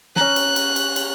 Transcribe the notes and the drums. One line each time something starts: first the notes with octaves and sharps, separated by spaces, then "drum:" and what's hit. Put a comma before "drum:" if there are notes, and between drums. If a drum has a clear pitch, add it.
C#4 A#5 F#6, drum: snare
drum: cymbal
drum: cymbal
drum: cymbal
drum: cymbal